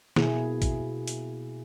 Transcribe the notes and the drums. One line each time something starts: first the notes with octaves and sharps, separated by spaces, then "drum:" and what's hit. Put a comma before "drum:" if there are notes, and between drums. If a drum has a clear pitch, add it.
B2 A#3 E4 G#4, drum: snare
drum: kick, hi-hat
drum: hi-hat